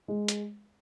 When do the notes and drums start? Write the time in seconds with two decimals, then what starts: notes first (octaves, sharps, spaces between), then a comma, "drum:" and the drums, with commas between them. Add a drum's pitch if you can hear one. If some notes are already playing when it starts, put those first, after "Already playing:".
0.08 G#3
0.28 drum: hi-hat